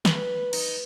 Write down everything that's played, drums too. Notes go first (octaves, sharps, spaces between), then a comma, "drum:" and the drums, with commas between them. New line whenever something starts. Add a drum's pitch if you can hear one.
B4, drum: snare
D#4, drum: cymbal